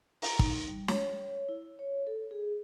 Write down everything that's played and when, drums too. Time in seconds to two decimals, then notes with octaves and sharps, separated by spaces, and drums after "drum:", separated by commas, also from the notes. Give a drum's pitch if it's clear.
0.22 A#5, drum: open hi-hat
0.39 D#4, drum: kick
0.68 G3
0.88 C#5, drum: snare
1.49 E4
1.79 C#5
2.07 A4
2.31 G#4